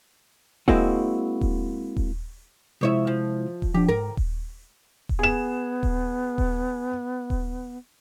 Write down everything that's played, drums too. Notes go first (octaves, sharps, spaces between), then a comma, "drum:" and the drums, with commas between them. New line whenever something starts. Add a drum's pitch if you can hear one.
G#3 A#3 C4 E4 F#4, drum: kick D#1
drum: kick D#1
drum: kick D#1
C3 F3 G#3 E4 C#5 E5
F3
drum: kick D#1
F3 D4 G4
G#2 A#4
drum: kick D#1
drum: kick D#1
B3 G#4 E7
drum: kick D#1
drum: kick D#1
drum: kick D#1